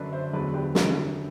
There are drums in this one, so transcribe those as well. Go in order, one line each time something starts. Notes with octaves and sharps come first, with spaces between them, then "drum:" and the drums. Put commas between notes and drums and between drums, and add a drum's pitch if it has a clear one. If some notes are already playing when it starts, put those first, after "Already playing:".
Already playing: F#2 D3 F#3 B4 D5
C5 E5
E2 D3 F#3 B4 D5
G4 B4
F#2 D3 F#3, drum: snare